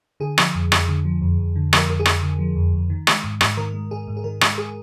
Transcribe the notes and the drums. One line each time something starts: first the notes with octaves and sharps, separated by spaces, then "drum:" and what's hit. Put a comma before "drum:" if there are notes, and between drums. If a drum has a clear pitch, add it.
D3 G#4
F3, drum: rim click
F2
F2, drum: rim click
D3
F3
F2
F2
D3
F3 A#4, drum: rim click
F2 A#4
G#4
F2, drum: rim click
D3
F3
F2
F2
D#3
G#3, drum: rim click
G#2
G#2, drum: rim click
D#3 A#4
G#3
G#2 G#4
G#2
G#4
D#3 A#4
G#3, drum: rim click
G#4